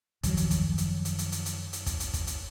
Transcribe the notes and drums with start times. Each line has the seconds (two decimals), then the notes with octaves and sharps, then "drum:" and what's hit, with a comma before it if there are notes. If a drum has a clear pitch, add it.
0.23 F#2 D#3 F3 F#3, drum: kick, hi-hat
0.37 drum: hi-hat
0.51 drum: kick, hi-hat
0.78 drum: hi-hat
1.05 drum: hi-hat
1.18 drum: hi-hat
1.32 drum: hi-hat
1.46 drum: hi-hat
1.73 drum: hi-hat
1.86 drum: kick, hi-hat
2.00 drum: hi-hat
2.13 drum: kick, hi-hat
2.27 drum: hi-hat